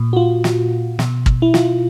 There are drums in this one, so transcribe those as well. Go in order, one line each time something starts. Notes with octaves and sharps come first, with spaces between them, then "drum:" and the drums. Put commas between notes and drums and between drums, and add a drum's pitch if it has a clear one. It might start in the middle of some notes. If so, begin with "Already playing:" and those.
Already playing: A#2
F#4
F4
drum: snare
B2, drum: snare
drum: kick
E4
F4, drum: snare